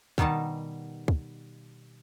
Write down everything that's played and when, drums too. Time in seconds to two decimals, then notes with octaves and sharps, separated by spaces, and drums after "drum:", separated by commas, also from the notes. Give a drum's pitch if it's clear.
0.18 B2 D#3 G3 D#4 A5, drum: kick
1.08 drum: kick